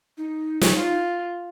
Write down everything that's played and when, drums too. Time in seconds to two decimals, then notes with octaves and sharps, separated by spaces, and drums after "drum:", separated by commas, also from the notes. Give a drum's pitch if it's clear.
0.18 D#4
0.61 drum: snare
0.76 F4